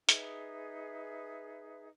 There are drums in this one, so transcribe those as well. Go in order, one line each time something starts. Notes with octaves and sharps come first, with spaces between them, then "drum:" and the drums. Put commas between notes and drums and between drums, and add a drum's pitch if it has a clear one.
D#4 G#4 B4 E5, drum: hi-hat